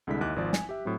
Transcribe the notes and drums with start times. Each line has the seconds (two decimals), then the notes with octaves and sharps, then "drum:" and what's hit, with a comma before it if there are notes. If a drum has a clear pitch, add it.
0.07 C2 D3 G#3 E4 B6
0.21 D#2 E4 D#5 D6 F#6
0.36 G#1 F3 D5
0.53 G#5, drum: snare
0.69 G4 E5
0.85 A2 F#3 C4